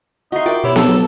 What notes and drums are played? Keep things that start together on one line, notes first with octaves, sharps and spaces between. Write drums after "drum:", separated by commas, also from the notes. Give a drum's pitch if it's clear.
D#4 F#4 D#5 E5 C6
F4 A#4 E5 G5 D6
B2 E4 G4 C#5
A4, drum: snare B3
F#3